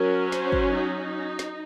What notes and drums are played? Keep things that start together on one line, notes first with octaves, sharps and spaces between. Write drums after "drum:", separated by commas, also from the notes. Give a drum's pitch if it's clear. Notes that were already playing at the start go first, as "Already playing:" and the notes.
Already playing: F#3 C#4 A#4
C5, drum: snare
drum: kick
D#4
drum: snare